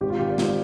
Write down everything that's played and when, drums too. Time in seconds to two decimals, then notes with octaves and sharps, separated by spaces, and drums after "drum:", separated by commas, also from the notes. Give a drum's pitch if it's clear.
0.01 G#1 G4
0.10 F4
0.19 D#3 G4
0.29 D5
0.38 G#2 F4, drum: snare